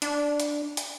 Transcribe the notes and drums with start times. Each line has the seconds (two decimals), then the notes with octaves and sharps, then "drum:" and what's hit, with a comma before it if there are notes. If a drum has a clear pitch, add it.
0.02 D4, drum: hi-hat
0.40 drum: hi-hat
0.77 drum: hi-hat